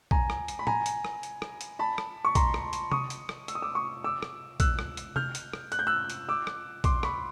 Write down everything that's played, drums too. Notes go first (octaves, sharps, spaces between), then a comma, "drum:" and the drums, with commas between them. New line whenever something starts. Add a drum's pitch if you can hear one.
G#5 A#5, drum: kick A#1
drum: rim click
drum: hi-hat
B5
G#5 A#5, drum: tom A2
drum: hi-hat
drum: rim click
drum: hi-hat
drum: rim click
drum: hi-hat
A5 B5
drum: rim click
C#6
A#5 C6, drum: kick A#1, hi-hat
drum: rim click
drum: hi-hat
C#6 D#6, drum: tom C3
drum: hi-hat
drum: rim click
E6, drum: hi-hat
D#6
D6 E6
C#6 D#6
D6 E6
drum: rim click
E6 F#6, drum: kick A#1, hi-hat
drum: rim click
drum: hi-hat
F6 G6, drum: tom C3
drum: hi-hat
drum: rim click
F#6, drum: hi-hat
G6
E6 F#6
drum: hi-hat
D6 E6
drum: rim click
C6 D6, drum: kick A#1, hi-hat
B5 C#6, drum: rim click